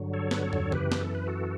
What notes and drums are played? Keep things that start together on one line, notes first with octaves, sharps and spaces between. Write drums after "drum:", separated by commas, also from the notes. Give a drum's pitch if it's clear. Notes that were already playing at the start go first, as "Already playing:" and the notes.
Already playing: G2 D3 F#3
A4 C#5
B4, drum: snare
A4 C#5
drum: tom
F#2 E3 G4 B4, drum: tom C#3
drum: snare
A4
B4
F#4 A4